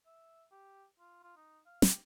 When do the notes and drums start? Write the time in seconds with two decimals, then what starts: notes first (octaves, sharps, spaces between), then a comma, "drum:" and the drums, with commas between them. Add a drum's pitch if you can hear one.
0.06 E5
0.51 G4
1.00 F4
1.23 F4
1.36 D#4
1.66 F5
1.82 G4, drum: snare